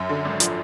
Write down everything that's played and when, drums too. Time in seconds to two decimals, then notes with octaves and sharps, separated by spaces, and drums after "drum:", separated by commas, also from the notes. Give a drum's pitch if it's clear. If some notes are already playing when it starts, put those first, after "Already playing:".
Already playing: F#2
0.09 D3
0.25 G#1
0.40 F3, drum: hi-hat